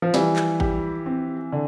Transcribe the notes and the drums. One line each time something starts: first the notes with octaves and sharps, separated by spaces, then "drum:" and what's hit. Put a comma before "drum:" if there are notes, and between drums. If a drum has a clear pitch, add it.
F3
E3 G3, drum: snare
drum: clap
G4, drum: kick A1
C4
D3